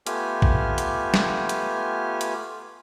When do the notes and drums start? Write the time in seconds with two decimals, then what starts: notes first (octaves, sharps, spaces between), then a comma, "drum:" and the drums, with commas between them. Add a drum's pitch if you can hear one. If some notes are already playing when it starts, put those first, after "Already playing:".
0.07 A3 B3 F4 G4 G#5 F6, drum: hi-hat
0.42 drum: kick
0.78 drum: hi-hat
1.14 drum: snare
1.49 drum: hi-hat
2.21 drum: hi-hat